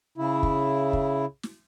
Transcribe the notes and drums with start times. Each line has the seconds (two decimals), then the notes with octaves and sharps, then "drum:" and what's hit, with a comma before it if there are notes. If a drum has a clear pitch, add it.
0.18 C#3 E4
0.43 drum: kick
0.93 drum: kick
1.43 drum: snare